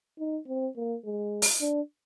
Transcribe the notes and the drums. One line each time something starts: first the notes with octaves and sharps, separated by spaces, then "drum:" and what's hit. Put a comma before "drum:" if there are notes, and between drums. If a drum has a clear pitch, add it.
D#4
C4
A#3
G#3
drum: open hi-hat
D4